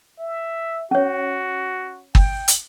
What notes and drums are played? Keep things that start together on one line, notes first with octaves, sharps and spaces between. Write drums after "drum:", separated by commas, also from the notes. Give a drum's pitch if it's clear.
E5
C#4 F#4 C#5
G5, drum: kick G1
drum: hi-hat